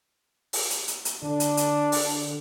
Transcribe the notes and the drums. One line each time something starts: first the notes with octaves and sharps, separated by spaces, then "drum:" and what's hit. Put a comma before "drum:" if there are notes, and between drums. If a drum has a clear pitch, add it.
drum: open hi-hat
drum: hi-hat
drum: hi-hat
drum: hi-hat
D3 D4
drum: hi-hat
drum: hi-hat
drum: open hi-hat